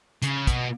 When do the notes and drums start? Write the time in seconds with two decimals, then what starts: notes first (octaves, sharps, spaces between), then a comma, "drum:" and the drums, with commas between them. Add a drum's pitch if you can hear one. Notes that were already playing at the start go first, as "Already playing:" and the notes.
0.22 C#3, drum: hi-hat
0.47 B2, drum: kick, hi-hat